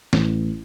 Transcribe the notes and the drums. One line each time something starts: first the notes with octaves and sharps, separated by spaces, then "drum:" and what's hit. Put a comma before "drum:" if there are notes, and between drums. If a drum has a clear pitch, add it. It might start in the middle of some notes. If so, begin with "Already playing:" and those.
A1, drum: snare